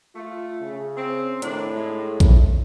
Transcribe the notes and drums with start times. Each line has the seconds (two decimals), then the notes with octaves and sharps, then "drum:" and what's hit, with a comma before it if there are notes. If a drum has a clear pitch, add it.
0.16 A3 F4
0.61 C#3
0.97 C4
1.42 A2 D#3 D4, drum: hi-hat
1.75 G#3
2.20 drum: kick A#1, hi-hat